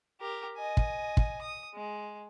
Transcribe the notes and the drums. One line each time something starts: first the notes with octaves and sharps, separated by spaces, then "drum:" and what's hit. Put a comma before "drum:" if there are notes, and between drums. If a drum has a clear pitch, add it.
G4 A#4
D#5 G#5
drum: kick
drum: kick
D#6
G#3